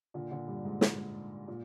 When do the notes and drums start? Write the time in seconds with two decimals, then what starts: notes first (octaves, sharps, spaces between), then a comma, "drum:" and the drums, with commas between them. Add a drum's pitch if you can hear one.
0.14 A#2 D3
0.32 A#2 D3
0.48 G2
0.65 G#2
0.81 drum: snare
1.48 A#2